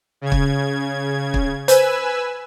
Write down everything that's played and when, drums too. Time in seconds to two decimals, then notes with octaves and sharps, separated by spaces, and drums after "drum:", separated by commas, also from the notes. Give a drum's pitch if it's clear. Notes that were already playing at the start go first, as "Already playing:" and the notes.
0.21 C#3 G#6
0.32 drum: kick
1.34 drum: kick
1.68 B4 C5 G#5 E6, drum: hi-hat